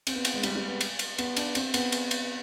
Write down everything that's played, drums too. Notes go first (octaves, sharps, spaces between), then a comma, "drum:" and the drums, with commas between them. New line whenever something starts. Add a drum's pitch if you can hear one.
C4, drum: cymbal
B3
drum: cymbal
G#3
G3, drum: cymbal
G3
B3
drum: cymbal
drum: cymbal
B3, drum: cymbal
D4, drum: cymbal
C4, drum: cymbal
B3, drum: cymbal
drum: cymbal
drum: cymbal